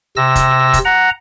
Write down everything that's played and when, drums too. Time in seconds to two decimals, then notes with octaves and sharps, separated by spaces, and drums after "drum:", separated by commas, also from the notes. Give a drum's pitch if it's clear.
0.16 C3 E6 A#6
0.35 drum: kick, hi-hat
0.74 drum: kick, hi-hat
0.85 F#5 A#5